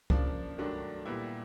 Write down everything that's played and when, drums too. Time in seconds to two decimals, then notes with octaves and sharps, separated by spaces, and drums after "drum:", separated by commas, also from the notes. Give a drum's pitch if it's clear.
0.10 C#3 F3 A#3 D4, drum: kick C2
0.58 G2 D#3 F#3 A3 D4
1.05 A#2 G3 B3 E4